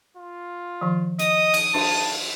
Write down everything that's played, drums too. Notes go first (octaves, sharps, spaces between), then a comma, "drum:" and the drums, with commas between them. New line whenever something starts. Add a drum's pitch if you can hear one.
F4
D#3 F3
D#5 D#6, drum: hi-hat
drum: cymbal
D4 A5, drum: cymbal